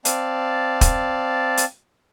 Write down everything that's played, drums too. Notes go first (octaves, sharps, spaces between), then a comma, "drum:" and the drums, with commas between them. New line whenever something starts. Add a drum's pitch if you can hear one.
C4 D5 F5 A5, drum: hi-hat
drum: kick, hi-hat
drum: hi-hat